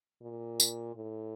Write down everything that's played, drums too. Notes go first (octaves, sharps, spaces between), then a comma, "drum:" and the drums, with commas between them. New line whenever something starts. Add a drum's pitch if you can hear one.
A#2
drum: tambourine
A2